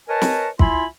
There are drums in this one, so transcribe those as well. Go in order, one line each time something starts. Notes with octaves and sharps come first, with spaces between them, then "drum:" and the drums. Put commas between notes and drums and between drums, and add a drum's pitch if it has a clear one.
A#4 B4 C#5 D#5 G#5 A5
drum: snare
E4 F4 E5 G#5 B5 C6, drum: kick